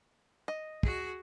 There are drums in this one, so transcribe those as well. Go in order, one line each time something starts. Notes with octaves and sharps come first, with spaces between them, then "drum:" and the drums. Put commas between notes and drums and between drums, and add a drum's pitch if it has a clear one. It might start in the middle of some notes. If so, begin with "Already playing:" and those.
D#5
F#4 G#4, drum: kick